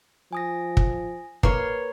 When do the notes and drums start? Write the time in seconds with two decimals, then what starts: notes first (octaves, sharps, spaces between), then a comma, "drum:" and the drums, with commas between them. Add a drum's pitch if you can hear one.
0.33 F3 G#5 D#6 A#6
0.77 drum: kick
1.43 A#3 B4 C#5 C6, drum: kick